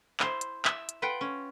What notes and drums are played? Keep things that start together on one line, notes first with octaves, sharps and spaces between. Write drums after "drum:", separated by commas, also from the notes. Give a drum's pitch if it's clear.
E4 C5, drum: clap
drum: hi-hat
E5, drum: clap
drum: hi-hat
F4 B4 F#5 G5
C#4